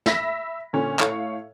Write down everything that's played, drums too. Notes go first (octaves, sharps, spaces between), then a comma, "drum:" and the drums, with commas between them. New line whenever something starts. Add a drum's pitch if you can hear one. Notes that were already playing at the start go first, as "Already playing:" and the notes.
E5 B5 A#6 B6, drum: snare
A#2 D3 C#4
A2 A3 C#5 F5, drum: clap